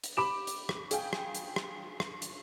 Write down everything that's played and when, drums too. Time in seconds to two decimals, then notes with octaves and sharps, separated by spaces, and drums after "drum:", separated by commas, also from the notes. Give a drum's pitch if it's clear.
0.04 drum: hi-hat
0.17 G4 B5 D6 E7
0.47 drum: hi-hat
0.69 drum: rim click
0.91 G#4 F5 G5, drum: hi-hat
1.13 drum: rim click
1.35 drum: hi-hat
1.56 drum: rim click
2.00 drum: rim click
2.22 drum: hi-hat